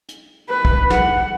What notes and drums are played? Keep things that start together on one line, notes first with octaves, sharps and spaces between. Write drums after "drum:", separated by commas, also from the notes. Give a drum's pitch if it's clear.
drum: hi-hat
B4
drum: kick
F#5, drum: snare